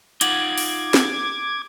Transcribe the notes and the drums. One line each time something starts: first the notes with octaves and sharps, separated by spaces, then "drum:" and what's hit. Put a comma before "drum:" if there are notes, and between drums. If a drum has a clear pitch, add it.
D#4 F4 F#5 D6 G#6, drum: hi-hat
drum: open hi-hat
drum: snare